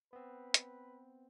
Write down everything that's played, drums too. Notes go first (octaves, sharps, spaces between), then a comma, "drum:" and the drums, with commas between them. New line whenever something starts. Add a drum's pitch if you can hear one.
B3 C4 B4
drum: hi-hat